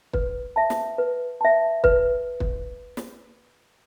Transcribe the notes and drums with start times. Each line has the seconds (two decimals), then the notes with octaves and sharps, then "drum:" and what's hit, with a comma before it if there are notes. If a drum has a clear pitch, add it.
0.13 B4, drum: kick
0.56 E5 A5
0.70 drum: snare
0.98 B4
1.41 E5 A5
1.84 B4, drum: kick
2.40 drum: kick
2.97 drum: snare